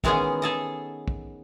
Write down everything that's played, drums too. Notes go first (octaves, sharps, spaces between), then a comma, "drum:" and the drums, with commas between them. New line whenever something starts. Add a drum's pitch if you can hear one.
D#3 E3 G#3 B3 C#4 G#4, drum: kick
G#4 A4 D#5
drum: kick